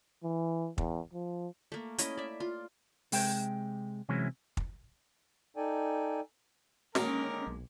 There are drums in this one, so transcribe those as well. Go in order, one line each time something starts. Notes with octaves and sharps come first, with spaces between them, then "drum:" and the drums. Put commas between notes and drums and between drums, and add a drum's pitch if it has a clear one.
E3
E2, drum: kick
F3
A3 A#3
C#4 E4 D#5, drum: hi-hat
D5 E5
F4
C3 G#3 G5, drum: open hi-hat
C3 E3 F#3 G#3 C#4 E4
drum: kick
D#4 A4 D5 G5 G#5
D3 D#3 G#3 A#3 C#4 A#4, drum: snare
B1